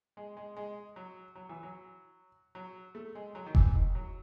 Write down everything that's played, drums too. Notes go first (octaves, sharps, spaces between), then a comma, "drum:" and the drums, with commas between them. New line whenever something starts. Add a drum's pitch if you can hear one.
G#3
G#3
G#3
F#3
F#3
E3
F#3
F#3
A3
G#3
F#3
D#3
E3, drum: kick F1
D#3
F#3